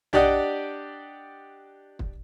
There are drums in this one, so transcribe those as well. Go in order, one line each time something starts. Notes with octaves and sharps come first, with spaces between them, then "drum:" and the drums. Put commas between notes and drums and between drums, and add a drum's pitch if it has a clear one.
D4 G4 D5 D#5 F#5, drum: tom
drum: kick